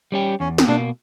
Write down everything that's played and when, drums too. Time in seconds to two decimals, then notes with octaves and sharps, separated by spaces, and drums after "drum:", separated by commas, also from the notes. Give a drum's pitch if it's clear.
0.12 G3 C#4 G4
0.40 E2 C#4
0.58 drum: snare
0.68 B2 A#3 D4